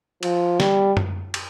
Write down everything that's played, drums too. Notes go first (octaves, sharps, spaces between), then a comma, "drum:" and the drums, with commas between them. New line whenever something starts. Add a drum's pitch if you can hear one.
F3, drum: cymbal
G3, drum: snare
drum: tom F#2
drum: cymbal